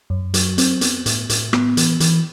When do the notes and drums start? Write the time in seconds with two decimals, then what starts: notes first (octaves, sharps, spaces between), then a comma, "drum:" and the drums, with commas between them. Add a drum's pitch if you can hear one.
0.10 F#2
0.34 F#3, drum: hi-hat
0.58 C4, drum: hi-hat
0.81 B3, drum: hi-hat
1.06 A2, drum: hi-hat
1.29 A2, drum: hi-hat
1.53 B3, drum: rim click
1.77 E3, drum: hi-hat
2.00 E3, drum: hi-hat